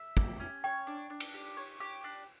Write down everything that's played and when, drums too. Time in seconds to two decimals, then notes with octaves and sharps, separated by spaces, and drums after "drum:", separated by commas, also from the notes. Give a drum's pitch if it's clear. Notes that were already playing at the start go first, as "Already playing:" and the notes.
Already playing: E5
0.17 G4, drum: kick
0.40 C#4
0.64 C#5 G5
0.87 D4
1.10 D4
1.20 drum: cymbal
1.34 G4
1.57 C#5
1.80 G4
2.04 D4